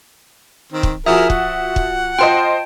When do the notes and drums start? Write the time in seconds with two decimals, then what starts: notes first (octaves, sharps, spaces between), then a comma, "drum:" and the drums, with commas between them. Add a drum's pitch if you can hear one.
0.72 D#3 C4
0.83 drum: kick
1.06 F3 E4 F#4 G#4 A#4 E5 D#6
1.30 F#5, drum: kick
1.76 drum: kick
2.19 F4 C5 D#5 G5 A5